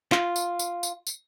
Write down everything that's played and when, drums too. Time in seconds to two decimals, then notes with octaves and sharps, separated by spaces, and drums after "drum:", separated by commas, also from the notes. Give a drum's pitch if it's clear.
0.12 F4, drum: clap
0.36 drum: tambourine
0.59 drum: tambourine
0.83 drum: tambourine
1.07 drum: tambourine